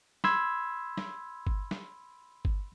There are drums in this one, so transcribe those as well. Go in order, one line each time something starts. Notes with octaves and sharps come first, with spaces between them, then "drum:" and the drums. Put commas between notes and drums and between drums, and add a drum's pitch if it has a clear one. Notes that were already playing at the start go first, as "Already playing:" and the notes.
B5 C6 E6 G#6, drum: snare
drum: snare
drum: kick G1
drum: snare
drum: kick G1